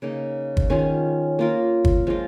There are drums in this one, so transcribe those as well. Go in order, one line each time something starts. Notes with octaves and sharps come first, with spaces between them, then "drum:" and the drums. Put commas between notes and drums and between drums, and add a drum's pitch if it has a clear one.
C#3 A#3 D#4
drum: kick
D#3 C#4 F4 G#4
A#3 F4 A#4
drum: kick
F3 G#3 F4 A#4